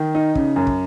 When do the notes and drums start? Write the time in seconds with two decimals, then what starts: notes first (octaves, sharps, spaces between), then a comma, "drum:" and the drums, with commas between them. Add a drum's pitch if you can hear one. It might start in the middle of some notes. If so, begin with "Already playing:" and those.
Already playing: D#3
0.15 D#4
0.35 C#3, drum: kick
0.56 F#2
0.67 drum: kick